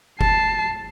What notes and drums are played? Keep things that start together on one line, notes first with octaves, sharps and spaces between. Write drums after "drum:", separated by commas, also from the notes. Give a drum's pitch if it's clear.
A5 C7, drum: kick F#1